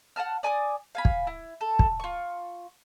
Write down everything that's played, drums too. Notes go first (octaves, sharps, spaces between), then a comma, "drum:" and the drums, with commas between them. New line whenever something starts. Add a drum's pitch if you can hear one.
F#5 G#5 A5 F6
D5 G#5 D6 D#6
F5 G#5 B5
drum: kick
E4
A4
drum: kick
F4 C#6